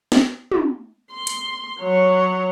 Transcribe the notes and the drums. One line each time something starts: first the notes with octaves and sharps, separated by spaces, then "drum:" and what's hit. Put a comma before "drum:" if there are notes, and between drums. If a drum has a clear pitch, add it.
drum: snare
drum: tom
C6
drum: hi-hat
F#3 C#5